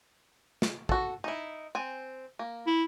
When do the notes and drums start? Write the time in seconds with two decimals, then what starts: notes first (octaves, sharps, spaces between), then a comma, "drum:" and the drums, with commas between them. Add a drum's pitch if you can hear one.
0.62 drum: snare
0.89 F#4 A4, drum: kick
1.24 D#4 E4
1.75 C4 G#5
2.39 A#3
2.67 E4